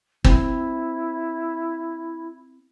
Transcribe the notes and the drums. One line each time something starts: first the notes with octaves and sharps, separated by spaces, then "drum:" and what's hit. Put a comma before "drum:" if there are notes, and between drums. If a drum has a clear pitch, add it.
C4 E4, drum: kick